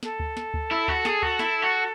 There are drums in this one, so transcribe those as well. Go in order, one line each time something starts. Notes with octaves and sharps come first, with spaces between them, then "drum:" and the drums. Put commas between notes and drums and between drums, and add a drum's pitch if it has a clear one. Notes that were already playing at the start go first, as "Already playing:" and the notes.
A4, drum: snare
drum: kick D2
drum: snare
drum: kick D2
E4
F#4, drum: kick D2
G#4, drum: snare
F#4, drum: kick D2
E4, drum: snare
F#4